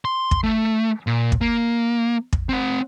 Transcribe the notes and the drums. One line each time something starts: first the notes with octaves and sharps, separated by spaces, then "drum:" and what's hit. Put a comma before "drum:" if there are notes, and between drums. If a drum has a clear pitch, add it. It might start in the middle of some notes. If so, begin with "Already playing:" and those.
C6
drum: kick
A3
A#2
drum: kick
A#3
drum: kick
C4 F#5